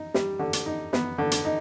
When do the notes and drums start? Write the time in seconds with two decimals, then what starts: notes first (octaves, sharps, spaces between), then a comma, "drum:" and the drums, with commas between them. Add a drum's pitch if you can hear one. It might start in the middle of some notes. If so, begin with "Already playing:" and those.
Already playing: D#4
0.14 G3, drum: snare
0.39 D3
0.53 drum: hi-hat
0.66 D#4
0.93 B3, drum: snare
1.18 D3
1.31 drum: hi-hat
1.45 D#4